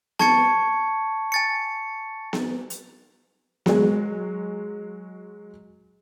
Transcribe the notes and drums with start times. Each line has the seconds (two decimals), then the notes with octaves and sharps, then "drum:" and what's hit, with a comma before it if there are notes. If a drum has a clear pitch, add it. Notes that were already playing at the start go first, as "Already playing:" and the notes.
0.19 A5 C#6 G#6 A6 C#7, drum: snare B3
1.32 G#5 A6 C#7
2.33 drum: snare B3
2.70 drum: hi-hat
3.66 F#3 G#3, drum: snare B3